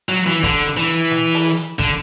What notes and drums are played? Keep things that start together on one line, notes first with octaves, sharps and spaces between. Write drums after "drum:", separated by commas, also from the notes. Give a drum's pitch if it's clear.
F#3
E3
D3, drum: kick, hi-hat
drum: hi-hat
E3
drum: hi-hat
drum: snare
drum: open hi-hat
drum: hi-hat
D3, drum: kick, hi-hat